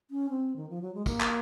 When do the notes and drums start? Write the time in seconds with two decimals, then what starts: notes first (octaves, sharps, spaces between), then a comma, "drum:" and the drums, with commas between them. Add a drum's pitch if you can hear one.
0.11 C#4
0.30 C4
0.56 D#3
0.69 F3
0.82 F#3
0.94 G#3
1.06 A#3, drum: kick, tambourine
1.21 drum: clap